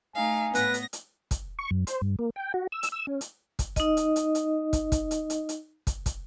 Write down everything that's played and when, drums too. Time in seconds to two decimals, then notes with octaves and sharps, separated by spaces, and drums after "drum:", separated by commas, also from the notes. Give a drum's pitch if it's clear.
0.15 A3 D#4 F5 G#5
0.55 A2 B3 B4 A#6, drum: hi-hat
0.74 drum: hi-hat
0.93 drum: hi-hat
1.31 drum: kick, hi-hat
1.59 C#6
1.71 F#2
1.87 C5, drum: hi-hat
2.01 G2
2.19 A#3
2.36 G5
2.54 F#4
2.72 E6
2.83 drum: hi-hat
2.92 E6
3.07 C#4
3.21 drum: hi-hat
3.59 drum: kick, hi-hat
3.76 D#4 D#5, drum: kick, hi-hat
3.97 drum: hi-hat
4.16 drum: hi-hat
4.35 drum: hi-hat
4.73 drum: kick, hi-hat
4.92 drum: kick, hi-hat
5.11 drum: hi-hat
5.30 drum: hi-hat
5.49 drum: hi-hat
5.87 drum: kick, hi-hat
6.06 drum: kick, hi-hat